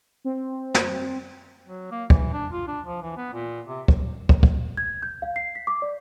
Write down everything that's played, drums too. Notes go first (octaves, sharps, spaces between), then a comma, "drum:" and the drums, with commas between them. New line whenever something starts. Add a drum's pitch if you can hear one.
C4
drum: snare
F#3
A#3
E3, drum: kick
D4
F4
D4
F3
E3
B3
A#2
C3
drum: kick
drum: kick
drum: kick
G#6
G6
F5
C7
B6
D6
D5